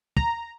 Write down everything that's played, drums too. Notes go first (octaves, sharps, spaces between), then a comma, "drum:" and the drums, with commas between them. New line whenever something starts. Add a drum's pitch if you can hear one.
A#5, drum: kick